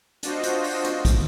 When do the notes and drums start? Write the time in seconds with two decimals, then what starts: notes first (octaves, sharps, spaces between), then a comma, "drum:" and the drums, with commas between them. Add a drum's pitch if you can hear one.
0.23 D4 F4 F#4 C5 D#5, drum: hi-hat
0.43 drum: hi-hat
0.64 drum: open hi-hat
0.84 drum: hi-hat
1.05 drum: kick, hi-hat